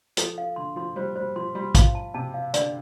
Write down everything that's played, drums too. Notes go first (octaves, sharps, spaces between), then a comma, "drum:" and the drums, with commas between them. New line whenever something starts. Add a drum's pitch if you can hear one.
F3 A4, drum: hi-hat
F5
D3 C6
F3 C6
G3 C5
G3 C5
F3 C6
G3 C6
F3 F5, drum: kick, hi-hat
A5
C3 A5
F5
D3 D5, drum: hi-hat